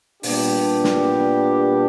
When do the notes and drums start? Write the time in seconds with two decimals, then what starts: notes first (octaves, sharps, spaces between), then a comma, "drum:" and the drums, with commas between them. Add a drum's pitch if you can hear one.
0.23 A#2 G3 B3 D4 G4, drum: open hi-hat
0.84 drum: snare